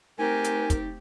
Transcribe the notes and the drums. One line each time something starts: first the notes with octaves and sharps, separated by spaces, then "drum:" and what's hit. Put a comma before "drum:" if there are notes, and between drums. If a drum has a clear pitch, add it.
A3 C4 D#4 G4 A#4 G#5
drum: hi-hat
drum: kick, hi-hat